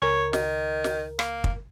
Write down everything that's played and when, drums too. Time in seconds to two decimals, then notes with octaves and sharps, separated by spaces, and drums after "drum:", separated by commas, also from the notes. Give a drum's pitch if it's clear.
0.02 C#2 A#4 C#5
0.33 D#3, drum: snare
0.84 drum: snare
1.19 A#3, drum: rim click
1.44 drum: kick